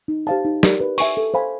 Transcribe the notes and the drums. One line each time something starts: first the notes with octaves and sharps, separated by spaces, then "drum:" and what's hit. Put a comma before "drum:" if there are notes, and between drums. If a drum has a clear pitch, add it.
D#4
G4 C5 F5 A5
D#4
G4 A#4 D5, drum: snare
B4
E5 G#5 C#6, drum: open hi-hat
A4
C5 F5 G#5 B5